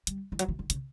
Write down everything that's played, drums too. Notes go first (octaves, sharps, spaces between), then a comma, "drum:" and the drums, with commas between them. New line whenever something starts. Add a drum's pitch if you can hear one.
G3, drum: hi-hat
E3
F#3, drum: hi-hat
E3
D3
C#3, drum: hi-hat